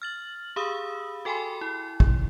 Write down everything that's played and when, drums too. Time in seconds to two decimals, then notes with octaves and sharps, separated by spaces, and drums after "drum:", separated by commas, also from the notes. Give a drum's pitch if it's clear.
0.02 F6 A6 F#7
0.56 G4 G#4 F5 B5 D#6 E6
1.25 F#4 A4 G5 G#5 B5 C6
1.61 E4
2.00 drum: kick